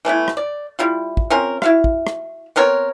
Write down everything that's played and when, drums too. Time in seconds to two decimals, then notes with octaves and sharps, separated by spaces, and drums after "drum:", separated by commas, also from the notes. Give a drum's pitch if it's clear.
0.05 E3 A3 B3 E4
0.28 drum: rim click
0.37 D5
0.79 G3 E4 F4
1.17 drum: kick
1.30 C4 C#4 F4 A#4
1.62 E4 F#4 F5, drum: rim click
1.84 drum: kick
2.07 drum: rim click
2.56 B3 C4 A#4 C#5